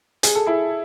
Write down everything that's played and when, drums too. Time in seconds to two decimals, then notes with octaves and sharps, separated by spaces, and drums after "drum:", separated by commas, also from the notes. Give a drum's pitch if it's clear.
0.23 G#4, drum: hi-hat
0.35 A4
0.46 E4 G#4